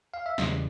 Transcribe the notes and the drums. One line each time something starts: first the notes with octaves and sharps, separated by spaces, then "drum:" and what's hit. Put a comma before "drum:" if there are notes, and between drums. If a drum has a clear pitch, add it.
F5
E5
E2 C#3 E3 G3 D#5, drum: snare